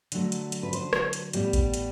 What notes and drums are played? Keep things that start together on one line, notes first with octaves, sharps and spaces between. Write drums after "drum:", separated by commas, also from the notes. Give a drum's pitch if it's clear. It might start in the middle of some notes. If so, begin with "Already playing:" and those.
D3 F#3 A3, drum: hi-hat
drum: hi-hat
drum: hi-hat
B4
C5, drum: hi-hat
drum: rim click
drum: hi-hat
A2 G3 B3, drum: hi-hat
drum: kick A1, hi-hat
drum: hi-hat